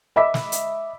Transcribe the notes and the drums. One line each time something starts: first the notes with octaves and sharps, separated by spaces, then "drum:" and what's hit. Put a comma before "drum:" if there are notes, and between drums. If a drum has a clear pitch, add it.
D#5 E5 B5 D6 E6 B6
drum: snare
drum: hi-hat